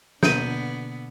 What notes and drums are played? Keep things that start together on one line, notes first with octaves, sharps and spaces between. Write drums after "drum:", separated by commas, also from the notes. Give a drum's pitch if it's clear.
B2 D3 A#3 B3 G6 D#7, drum: snare